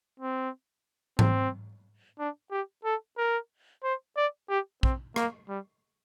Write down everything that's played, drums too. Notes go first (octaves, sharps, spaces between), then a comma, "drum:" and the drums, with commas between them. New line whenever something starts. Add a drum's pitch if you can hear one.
C4
C4, drum: tom G#2
D4
G4
A4
A#4
C5
D5
G4
C4, drum: kick
A#3, drum: rim click
G3